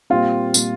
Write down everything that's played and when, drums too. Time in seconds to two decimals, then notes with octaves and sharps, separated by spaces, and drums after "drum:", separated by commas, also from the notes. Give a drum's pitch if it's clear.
0.10 A#2 G3 C4 F4
0.54 A#2 G3 C4, drum: tambourine